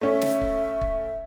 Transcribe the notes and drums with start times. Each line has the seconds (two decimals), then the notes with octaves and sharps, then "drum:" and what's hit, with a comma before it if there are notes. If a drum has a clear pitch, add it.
0.01 A3 C#4 E5
0.21 drum: snare
0.41 drum: kick
0.81 drum: kick